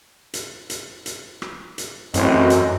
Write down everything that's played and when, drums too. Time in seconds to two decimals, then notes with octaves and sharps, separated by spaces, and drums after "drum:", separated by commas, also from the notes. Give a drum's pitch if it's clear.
0.34 drum: hi-hat
0.70 drum: hi-hat
1.06 drum: hi-hat
1.42 drum: rim click
1.78 drum: hi-hat
2.14 A1 F#2 A2 C4 D#5, drum: hi-hat
2.50 drum: hi-hat